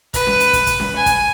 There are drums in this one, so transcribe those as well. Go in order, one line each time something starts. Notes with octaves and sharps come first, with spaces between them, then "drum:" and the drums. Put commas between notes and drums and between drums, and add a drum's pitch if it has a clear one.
B4, drum: kick, hi-hat
drum: snare C#4
drum: hi-hat
drum: kick, hi-hat
drum: kick, hi-hat
drum: snare C#4
G#5
drum: kick, hi-hat